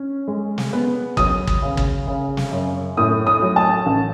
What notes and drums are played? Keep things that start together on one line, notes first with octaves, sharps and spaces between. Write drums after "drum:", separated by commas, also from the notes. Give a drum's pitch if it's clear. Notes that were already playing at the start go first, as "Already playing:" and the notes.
Already playing: C#4
G#3
drum: snare
B3
F#3 D#6, drum: kick
drum: kick
C#3
drum: kick
C#3
drum: snare
F#2
A2 D#6
D#6
F#3
A5
A1